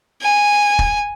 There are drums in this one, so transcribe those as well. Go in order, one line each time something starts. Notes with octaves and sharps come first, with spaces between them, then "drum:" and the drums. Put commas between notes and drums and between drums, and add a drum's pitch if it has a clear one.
G#5
drum: kick